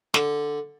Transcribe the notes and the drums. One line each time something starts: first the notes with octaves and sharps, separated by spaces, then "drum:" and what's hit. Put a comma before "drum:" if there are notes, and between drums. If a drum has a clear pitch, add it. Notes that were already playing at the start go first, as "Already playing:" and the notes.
D3, drum: snare